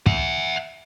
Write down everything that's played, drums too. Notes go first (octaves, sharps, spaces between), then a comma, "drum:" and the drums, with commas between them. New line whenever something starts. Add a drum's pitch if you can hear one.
E5 F#5, drum: kick